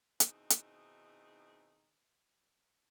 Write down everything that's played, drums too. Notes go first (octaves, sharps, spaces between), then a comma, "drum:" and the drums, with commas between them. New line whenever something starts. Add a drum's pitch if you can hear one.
B2 D#3 C4 D#4 E4 G#4, drum: hi-hat
drum: hi-hat